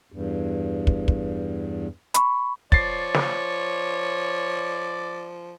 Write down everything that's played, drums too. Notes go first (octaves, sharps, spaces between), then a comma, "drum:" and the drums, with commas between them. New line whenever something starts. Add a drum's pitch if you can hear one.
E2 G2
drum: kick
drum: kick
B5 C#6, drum: hi-hat
F3 C#5 D5 A6 C7, drum: kick
drum: snare